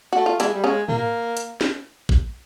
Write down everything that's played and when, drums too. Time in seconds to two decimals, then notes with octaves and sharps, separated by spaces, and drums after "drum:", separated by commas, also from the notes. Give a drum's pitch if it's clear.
0.13 A3 F#4
0.26 F4
0.40 E3 G#3 E4, drum: hi-hat
0.54 G3
0.64 C#3 G#3 C#4
0.88 A#3, drum: tom
1.37 drum: hi-hat
1.61 drum: snare
2.09 drum: kick